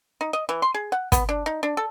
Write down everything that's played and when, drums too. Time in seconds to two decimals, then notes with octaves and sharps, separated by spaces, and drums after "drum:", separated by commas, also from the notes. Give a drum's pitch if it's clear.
0.21 D#4
0.33 D#5
0.49 E3
0.62 C6
0.74 G#4
0.92 F#5
1.12 B3, drum: kick, hi-hat
1.29 D4
1.46 D#4
1.63 D4
1.77 A4